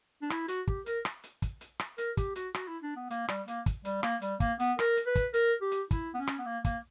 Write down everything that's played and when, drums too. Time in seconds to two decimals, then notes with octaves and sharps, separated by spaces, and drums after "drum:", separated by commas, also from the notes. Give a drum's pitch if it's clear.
0.22 D4
0.30 E4, drum: rim click
0.48 F#4, drum: hi-hat
0.67 G4, drum: kick
0.86 A#4, drum: hi-hat
1.05 drum: rim click
1.24 drum: hi-hat
1.42 drum: kick, hi-hat
1.61 drum: hi-hat
1.80 drum: rim click
1.98 A#4, drum: hi-hat
2.17 G4, drum: kick, hi-hat
2.36 F#4, drum: hi-hat
2.54 F#4, drum: rim click
2.68 E4
2.83 D4
2.96 B3
3.10 A#3, drum: hi-hat
3.28 G3, drum: rim click
3.48 A#3, drum: hi-hat
3.66 drum: kick, hi-hat
3.85 G3, drum: hi-hat
4.03 A#3, drum: rim click
4.22 G3, drum: hi-hat
4.40 A#3, drum: kick, hi-hat
4.60 B3, drum: hi-hat
4.79 A#4, drum: rim click
4.97 drum: hi-hat
5.06 B4
5.15 drum: kick, hi-hat
5.34 A#4, drum: hi-hat
5.61 G4
5.71 drum: hi-hat
5.91 E4, drum: kick, hi-hat
6.14 B3
6.18 C#4
6.27 drum: rim click
6.39 B3
6.46 A#3
6.65 A#3, drum: kick, hi-hat